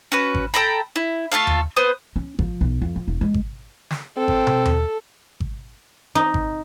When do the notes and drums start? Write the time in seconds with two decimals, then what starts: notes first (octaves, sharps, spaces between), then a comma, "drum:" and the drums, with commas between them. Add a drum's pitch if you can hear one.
0.12 C#4 F#4 B4
0.34 drum: kick G#1
0.54 A4 G5 A#5 B5
0.96 E4
1.32 A3 F4 A4 F5
1.47 drum: tom D#2
1.76 B3 B4 C5 D#6
2.16 C#4
2.39 F3, drum: kick G#1
2.61 B1
2.81 F2
2.96 F3
3.08 E1
3.21 G#3
3.34 drum: kick G#1
3.91 drum: snare
4.17 C4 A4
4.28 drum: kick G#1
4.47 drum: tom
4.65 drum: tom D#2
5.40 drum: kick G#1
6.15 D#4
6.34 drum: kick G#1